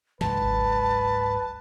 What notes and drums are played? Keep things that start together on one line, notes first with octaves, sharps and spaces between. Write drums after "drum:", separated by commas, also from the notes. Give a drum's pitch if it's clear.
C#2 G#2 F#3 B4 A5, drum: snare
drum: kick G#1